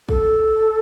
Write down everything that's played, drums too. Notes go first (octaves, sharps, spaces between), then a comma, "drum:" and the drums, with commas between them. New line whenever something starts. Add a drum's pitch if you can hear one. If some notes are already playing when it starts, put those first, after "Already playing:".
A4, drum: kick